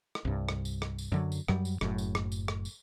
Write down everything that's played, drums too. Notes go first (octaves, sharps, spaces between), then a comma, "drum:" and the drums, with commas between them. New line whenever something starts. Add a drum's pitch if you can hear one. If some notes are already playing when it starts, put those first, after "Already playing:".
drum: rim click
C2 G2
drum: rim click
drum: tambourine
drum: rim click
drum: tambourine
F#2 D3 F#3
drum: tambourine
F#2 F#3 G3, drum: rim click
drum: tambourine
F#1 F#2 A2, drum: rim click
drum: tambourine
drum: rim click
drum: tambourine
drum: rim click
drum: tambourine